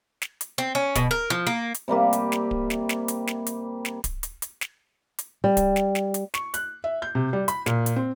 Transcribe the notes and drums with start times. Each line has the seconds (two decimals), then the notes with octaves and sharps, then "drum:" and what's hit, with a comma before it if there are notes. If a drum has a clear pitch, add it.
0.22 drum: snare
0.41 drum: hi-hat
0.58 C4
0.75 C#4
0.96 B2, drum: kick D1, hi-hat
1.11 A#4
1.30 F3
1.47 A#3
1.74 drum: hi-hat
1.88 C3 G3 A#3 G4
2.13 drum: hi-hat
2.32 drum: snare
2.51 drum: kick D1
2.70 drum: snare
2.89 drum: snare
3.08 drum: hi-hat
3.27 drum: snare
3.47 drum: hi-hat
3.85 drum: snare
4.04 drum: kick D1, hi-hat
4.23 drum: hi-hat
4.42 drum: hi-hat
4.61 drum: snare
5.19 drum: hi-hat
5.44 G3
5.57 drum: kick D1, hi-hat
5.76 drum: snare
5.95 drum: snare
6.14 drum: hi-hat
6.34 C#6, drum: snare
6.54 F#6, drum: hi-hat
6.84 E5
7.02 G6
7.15 C3
7.33 G3
7.48 B5, drum: hi-hat
7.66 A#2, drum: snare
7.86 drum: hi-hat
7.96 C4